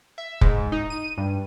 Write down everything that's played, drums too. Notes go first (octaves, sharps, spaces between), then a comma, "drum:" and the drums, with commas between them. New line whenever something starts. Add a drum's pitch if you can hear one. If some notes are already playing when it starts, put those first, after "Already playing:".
E5
G#2, drum: kick
D#4
D#7
G2